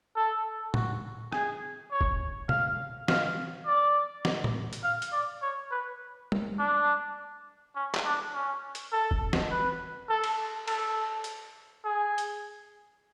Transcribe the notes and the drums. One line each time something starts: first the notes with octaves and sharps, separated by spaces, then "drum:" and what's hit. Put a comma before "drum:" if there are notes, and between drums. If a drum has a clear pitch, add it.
A4
F#4, drum: tom A2
G#4, drum: rim click
C#5
drum: kick
F5, drum: tom
F5, drum: snare
D5
drum: snare
drum: tom A2
drum: hi-hat
F5
drum: hi-hat
D5
C#5
B4
drum: tom
D4
C#4
drum: clap
D4
C#4
drum: hi-hat
A4
drum: kick
drum: snare
B4
A4
drum: cymbal
A4, drum: cymbal
drum: hi-hat
G#4
drum: hi-hat